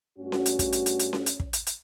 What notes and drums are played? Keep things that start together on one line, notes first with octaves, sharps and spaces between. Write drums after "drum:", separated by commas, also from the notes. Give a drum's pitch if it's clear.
G2 A3 C#4 F#4
drum: snare C#4
drum: hi-hat
drum: kick, hi-hat
drum: hi-hat
drum: hi-hat
drum: hi-hat
drum: snare C#4
drum: hi-hat
drum: kick
drum: hi-hat
drum: hi-hat